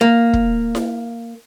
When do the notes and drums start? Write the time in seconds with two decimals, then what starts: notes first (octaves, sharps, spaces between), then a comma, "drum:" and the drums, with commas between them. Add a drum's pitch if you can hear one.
0.01 A#3
0.33 drum: kick
0.75 drum: snare E4